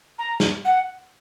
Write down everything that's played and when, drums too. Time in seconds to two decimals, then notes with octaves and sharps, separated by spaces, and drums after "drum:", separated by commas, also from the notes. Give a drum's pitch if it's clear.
0.19 A#5
0.40 drum: snare
0.65 F#5